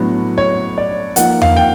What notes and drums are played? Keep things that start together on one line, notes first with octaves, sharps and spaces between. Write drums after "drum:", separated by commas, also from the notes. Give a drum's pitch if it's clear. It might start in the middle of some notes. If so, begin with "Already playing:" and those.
Already playing: A2 F#3 B3 D4
C#5
D5
F3 A#3 D#4 F#5, drum: hi-hat
F5, drum: tom E2
G5